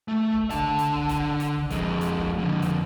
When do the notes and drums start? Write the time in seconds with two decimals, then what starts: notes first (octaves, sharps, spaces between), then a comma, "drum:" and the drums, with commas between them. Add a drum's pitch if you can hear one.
0.08 A3
0.33 drum: kick
0.51 D3 A5, drum: kick, hi-hat
0.79 drum: hi-hat
0.94 drum: kick
1.09 drum: kick, hi-hat
1.40 drum: hi-hat
1.55 drum: kick
1.71 F2 G#3, drum: kick, hi-hat
2.01 drum: hi-hat
2.16 drum: kick
2.39 F2 D3
2.62 drum: hi-hat